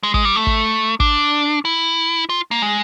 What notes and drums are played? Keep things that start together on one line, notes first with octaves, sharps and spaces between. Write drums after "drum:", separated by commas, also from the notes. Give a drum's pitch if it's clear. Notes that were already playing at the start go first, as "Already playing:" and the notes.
G#3
G#3, drum: kick
G3
A3
drum: kick
D4, drum: kick
E4
F4
A#3
G#3